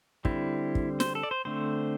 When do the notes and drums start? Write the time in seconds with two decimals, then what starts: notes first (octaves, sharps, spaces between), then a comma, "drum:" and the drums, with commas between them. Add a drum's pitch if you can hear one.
0.25 D3 G3 C4 E4, drum: kick
0.75 drum: kick
1.00 C5, drum: snare
1.15 A4
1.23 D5
1.31 C5
1.45 D3 A3 C4 C5